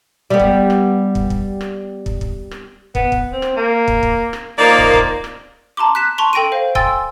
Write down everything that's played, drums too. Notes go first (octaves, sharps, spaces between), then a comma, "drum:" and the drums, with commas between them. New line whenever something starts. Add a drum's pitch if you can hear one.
G3 B3
drum: kick
drum: rim click
drum: kick
drum: kick
drum: rim click
drum: kick
drum: kick
drum: rim click
B3, drum: kick
drum: kick
C4
drum: rim click
A#3
drum: kick
drum: kick
drum: rim click
D#3 F3 A#3 D5
drum: kick
drum: kick
drum: rim click
A5 A#5 C6 D6
F#6 B6 E7
A5 C6 C#6 F7
A4 G5 A#6 D7 D#7
C5 F5
G5 G#5 C6 E6 A6, drum: kick